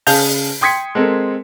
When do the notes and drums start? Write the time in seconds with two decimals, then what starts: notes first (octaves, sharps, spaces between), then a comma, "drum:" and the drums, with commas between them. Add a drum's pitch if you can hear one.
0.07 C#3 G#4 F5 A5 G6 F7, drum: open hi-hat
0.61 G5 C6 D#6 G#6 B6 C#7
0.95 G#3 C4 A4 A#4